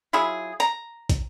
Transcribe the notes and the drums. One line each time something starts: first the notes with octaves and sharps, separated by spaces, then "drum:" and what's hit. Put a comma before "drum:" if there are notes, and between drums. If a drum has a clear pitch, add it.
F#3 E4 F4 G#4
A#5, drum: hi-hat
drum: kick, hi-hat